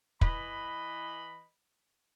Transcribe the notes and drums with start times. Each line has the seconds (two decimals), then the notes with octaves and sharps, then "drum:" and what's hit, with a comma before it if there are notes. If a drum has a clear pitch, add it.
0.21 E3 B4 D#5 B5, drum: kick